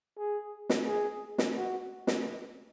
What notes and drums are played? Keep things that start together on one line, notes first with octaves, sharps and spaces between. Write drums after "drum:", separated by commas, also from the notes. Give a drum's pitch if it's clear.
G#4
drum: snare
G#4
drum: snare
F#4
drum: snare